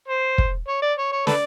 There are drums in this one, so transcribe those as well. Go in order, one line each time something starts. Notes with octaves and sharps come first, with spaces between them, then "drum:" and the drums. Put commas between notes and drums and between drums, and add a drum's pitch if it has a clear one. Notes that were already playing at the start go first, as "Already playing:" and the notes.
C5
drum: kick
C#5
D5
C#5
C#5
A4 B4 D5, drum: snare